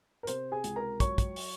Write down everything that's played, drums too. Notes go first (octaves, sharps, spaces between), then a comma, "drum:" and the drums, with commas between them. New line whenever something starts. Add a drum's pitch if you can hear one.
A#4
C3 C5, drum: hi-hat
G#4 G#5
C#2, drum: hi-hat
A#4 A#5
F#3 C#5 C#6, drum: kick, hi-hat
drum: kick, hi-hat
drum: open hi-hat